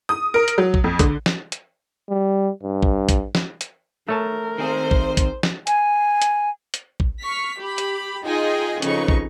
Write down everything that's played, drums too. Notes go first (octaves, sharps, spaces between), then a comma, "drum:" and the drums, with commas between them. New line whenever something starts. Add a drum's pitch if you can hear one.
D#6
A#4
drum: hi-hat
F#3
drum: kick
F2
D3, drum: kick, hi-hat
drum: snare
drum: hi-hat
G3
G2
drum: kick
drum: kick, hi-hat
drum: snare
drum: hi-hat
A3 A#4 C#5 A5
D#3 C4 G#4 C5
drum: kick
drum: kick, hi-hat
drum: snare
G#5, drum: hi-hat
drum: hi-hat
drum: hi-hat
drum: kick
C#6 F6 B6
G4 B5
drum: hi-hat
D#4 F4 G#4 D#5 G5 G#5
F2 C#3 C#4 D#4 B4 C#6, drum: hi-hat
drum: kick